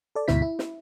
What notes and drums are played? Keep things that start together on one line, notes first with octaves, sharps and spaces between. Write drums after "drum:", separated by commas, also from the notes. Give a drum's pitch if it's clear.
A4 D5
D2 G#2 B2 E4 B6, drum: snare
E4
drum: snare